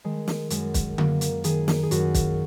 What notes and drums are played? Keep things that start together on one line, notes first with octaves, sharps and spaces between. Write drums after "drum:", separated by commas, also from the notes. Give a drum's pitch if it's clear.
D#3 G#3
drum: snare
F#2 G#3, drum: hi-hat
drum: kick, hi-hat
F#2 A#3, drum: tom D3
drum: hi-hat
D#3 G#4, drum: hi-hat
drum: snare
G#4
F#2 F#4, drum: hi-hat
drum: kick, hi-hat